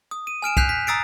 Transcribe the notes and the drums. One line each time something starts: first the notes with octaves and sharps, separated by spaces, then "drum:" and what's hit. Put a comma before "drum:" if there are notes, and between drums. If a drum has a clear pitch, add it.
D#6
D#7
G#5 F6 D7 E7
F#6 G6 B6 C7 F7, drum: kick
B6
A#5 D#6 E6 A6 C7 D7